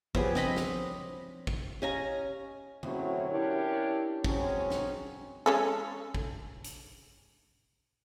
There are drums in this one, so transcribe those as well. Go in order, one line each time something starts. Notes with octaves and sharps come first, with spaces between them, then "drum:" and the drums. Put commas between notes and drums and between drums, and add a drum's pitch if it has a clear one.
F3 B3 G4 G#4 C5 C#5, drum: kick
C4 D#5 B5, drum: snare
drum: snare
drum: kick
C#4 G4 D#5 F5 G#5 A#5
A2 C#3 F#3 C4 C#4 E4, drum: tom D3
C#4 D4 E4 G4 A#4 C#5
F#3 G#3 C4 C#4, drum: kick
drum: snare
G#3 C#4 A4
drum: kick
drum: hi-hat